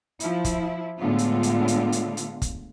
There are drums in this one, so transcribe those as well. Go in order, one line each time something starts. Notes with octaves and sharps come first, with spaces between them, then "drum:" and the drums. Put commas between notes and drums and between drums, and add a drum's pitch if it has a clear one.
F3 E4, drum: hi-hat
drum: kick, hi-hat
A2 D3 G#3 B3 F4
drum: hi-hat
drum: hi-hat
drum: hi-hat
drum: hi-hat
drum: hi-hat
drum: kick, hi-hat